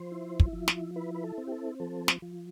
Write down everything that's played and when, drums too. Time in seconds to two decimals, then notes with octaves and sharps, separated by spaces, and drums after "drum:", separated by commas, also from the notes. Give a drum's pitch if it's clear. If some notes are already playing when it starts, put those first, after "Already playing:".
Already playing: F3 C5
0.12 E4
0.40 drum: kick
0.53 F3
0.68 drum: snare
0.96 E4 B4
1.14 B4
1.24 A4
1.38 C4
1.47 G4
1.52 A4
1.80 F3 A4
2.08 drum: snare
2.22 F3